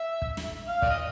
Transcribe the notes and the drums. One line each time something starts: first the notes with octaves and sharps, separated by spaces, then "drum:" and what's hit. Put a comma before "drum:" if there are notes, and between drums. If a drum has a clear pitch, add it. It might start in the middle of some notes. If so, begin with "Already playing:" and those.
Already playing: E5
drum: kick
drum: snare
F5
D5, drum: kick
D#5